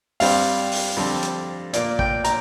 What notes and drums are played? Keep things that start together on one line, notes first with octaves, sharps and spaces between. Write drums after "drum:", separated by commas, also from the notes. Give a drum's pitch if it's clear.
G2 G3 C4 F5, drum: open hi-hat
drum: open hi-hat
F2 D3 G3 C4
drum: hi-hat
A#2 A#3 D5, drum: hi-hat
G5, drum: kick
A#5, drum: hi-hat